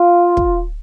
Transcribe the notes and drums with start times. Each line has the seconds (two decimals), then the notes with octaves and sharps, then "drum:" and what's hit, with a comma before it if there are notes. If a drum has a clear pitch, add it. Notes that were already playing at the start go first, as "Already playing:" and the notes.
Already playing: F4
0.37 drum: kick